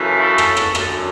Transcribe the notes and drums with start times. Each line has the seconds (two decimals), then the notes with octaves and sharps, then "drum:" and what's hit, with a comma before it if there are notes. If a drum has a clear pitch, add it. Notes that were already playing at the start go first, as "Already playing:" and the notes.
Already playing: F#2 C#3 E3 A3
0.20 F#4 A4
0.38 drum: rim click
0.57 drum: rim click
0.75 F#2 D3 A3, drum: rim click